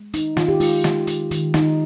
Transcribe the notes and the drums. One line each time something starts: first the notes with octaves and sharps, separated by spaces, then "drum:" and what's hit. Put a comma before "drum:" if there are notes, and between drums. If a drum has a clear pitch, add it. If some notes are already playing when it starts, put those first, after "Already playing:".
Already playing: G#3
D#3 D#4, drum: hi-hat
D#3 F4, drum: snare
G4
G#3 F4, drum: open hi-hat
G#3, drum: snare
D#3, drum: hi-hat
D#3, drum: hi-hat
D#3 D#4, drum: snare